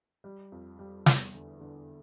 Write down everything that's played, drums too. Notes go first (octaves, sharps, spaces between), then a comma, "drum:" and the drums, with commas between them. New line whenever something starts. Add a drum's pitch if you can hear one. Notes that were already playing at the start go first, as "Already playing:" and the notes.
G3
F2
G3
E2, drum: snare
D3
D3